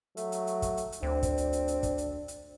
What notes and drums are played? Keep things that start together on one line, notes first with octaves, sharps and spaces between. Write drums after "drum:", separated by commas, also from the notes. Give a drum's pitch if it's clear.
F#3 A3, drum: hi-hat
drum: hi-hat
drum: hi-hat
drum: kick, hi-hat
drum: hi-hat
drum: hi-hat
D2 C4 D4
drum: kick, hi-hat
drum: hi-hat
drum: hi-hat
drum: hi-hat
drum: kick, hi-hat
drum: hi-hat
drum: hi-hat